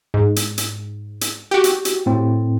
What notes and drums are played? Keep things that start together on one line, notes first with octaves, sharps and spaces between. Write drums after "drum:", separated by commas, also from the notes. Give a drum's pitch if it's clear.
G#2
drum: hi-hat
drum: hi-hat
drum: hi-hat
F#4 G4
drum: hi-hat
drum: hi-hat
A2 C4